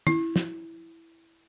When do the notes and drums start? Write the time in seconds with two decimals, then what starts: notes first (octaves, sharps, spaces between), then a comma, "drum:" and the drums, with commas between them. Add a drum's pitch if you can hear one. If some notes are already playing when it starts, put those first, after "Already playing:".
0.07 E4, drum: tom
0.36 drum: snare